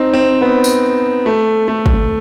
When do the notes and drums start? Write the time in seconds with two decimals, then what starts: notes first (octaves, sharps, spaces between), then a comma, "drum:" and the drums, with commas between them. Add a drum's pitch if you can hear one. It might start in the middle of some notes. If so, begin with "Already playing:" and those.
Already playing: C4 D#4
0.13 C4
0.41 B3
0.64 drum: tambourine
1.26 A3
1.68 A3
1.86 drum: kick